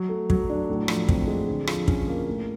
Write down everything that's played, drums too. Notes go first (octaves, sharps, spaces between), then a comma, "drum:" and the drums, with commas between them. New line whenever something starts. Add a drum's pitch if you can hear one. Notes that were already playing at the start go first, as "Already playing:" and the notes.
Already playing: F#3
A3
F#3, drum: kick
D4
A2
F3, drum: rim click
C4, drum: kick
G#3
D3
F3, drum: rim click
C#4, drum: kick
A#3
A2